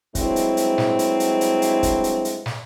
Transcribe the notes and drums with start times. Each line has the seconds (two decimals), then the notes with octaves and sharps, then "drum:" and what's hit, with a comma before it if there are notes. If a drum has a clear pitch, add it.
0.15 G2 F#3 G#3 C4 E4, drum: kick, hi-hat
0.36 drum: hi-hat
0.57 drum: hi-hat
0.78 drum: snare
0.99 drum: hi-hat
1.20 drum: hi-hat
1.41 drum: hi-hat
1.62 drum: hi-hat
1.83 drum: kick, hi-hat
2.04 drum: hi-hat
2.25 drum: hi-hat
2.46 drum: snare